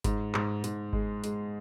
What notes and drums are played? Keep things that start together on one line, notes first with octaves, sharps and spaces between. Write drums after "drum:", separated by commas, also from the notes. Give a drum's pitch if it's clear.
G#2, drum: kick G1, hi-hat
G#2, drum: clap
G#2, drum: hi-hat
G#3, drum: kick G1
G#3, drum: hi-hat